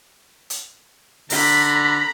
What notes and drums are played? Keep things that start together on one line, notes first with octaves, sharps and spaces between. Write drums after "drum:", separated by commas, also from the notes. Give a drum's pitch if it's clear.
drum: hi-hat
D3 A#5 B5, drum: open hi-hat